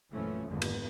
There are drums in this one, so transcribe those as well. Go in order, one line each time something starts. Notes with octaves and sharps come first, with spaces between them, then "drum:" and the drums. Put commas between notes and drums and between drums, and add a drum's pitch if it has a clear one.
A#1 F#2 E3 F3 A3 C#4
G#1 F2 D3 G#3 A#3 B3
drum: cymbal